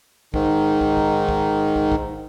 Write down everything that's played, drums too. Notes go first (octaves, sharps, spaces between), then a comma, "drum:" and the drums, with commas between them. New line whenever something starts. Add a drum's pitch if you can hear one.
G#2 D#3, drum: kick
drum: kick
drum: kick
drum: kick
drum: kick
drum: kick